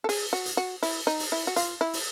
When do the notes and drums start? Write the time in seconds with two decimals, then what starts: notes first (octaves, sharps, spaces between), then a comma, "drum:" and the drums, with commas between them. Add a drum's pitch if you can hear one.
0.04 A4
0.09 G#4, drum: open hi-hat
0.33 F#4
0.46 drum: hi-hat
0.57 F#4
0.83 E4, drum: open hi-hat
1.07 D#4
1.20 drum: open hi-hat
1.32 E4
1.47 F#4
1.56 F4, drum: hi-hat
1.81 E4
1.93 drum: open hi-hat